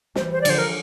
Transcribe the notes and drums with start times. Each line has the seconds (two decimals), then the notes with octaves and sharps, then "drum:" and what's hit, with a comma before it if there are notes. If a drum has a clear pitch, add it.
0.15 E3 G3 C5, drum: snare
0.31 C5
0.41 D5
0.45 D3 F3 C5, drum: cymbal
0.58 A#4